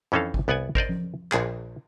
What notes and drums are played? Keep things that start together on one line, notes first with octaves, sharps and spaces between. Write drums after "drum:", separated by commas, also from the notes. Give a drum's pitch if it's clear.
F2 E3 C#4 D#4 A4 F5
drum: kick G#1
C2 B3 D5 F#5 G#5
A#4 C5 D5 D#5, drum: kick G#1
drum: tom F3
A#1 G#4, drum: clap